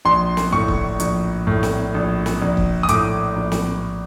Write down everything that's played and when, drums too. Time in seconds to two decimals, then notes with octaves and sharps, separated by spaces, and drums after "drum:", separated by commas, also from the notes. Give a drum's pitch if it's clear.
0.05 A#1 C6
0.37 drum: snare
0.53 A2 C#6
0.68 drum: kick C#1
1.00 A#1, drum: hi-hat
1.47 A2
1.63 drum: snare
1.94 A#1
2.26 drum: snare
2.42 A#1
2.57 drum: kick C#1
2.83 D#6
2.89 A2 D6, drum: hi-hat
3.36 A#1
3.52 drum: snare